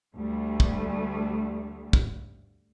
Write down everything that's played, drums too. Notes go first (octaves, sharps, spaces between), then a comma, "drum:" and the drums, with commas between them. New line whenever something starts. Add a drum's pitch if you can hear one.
D2 G3 A3
drum: kick
drum: kick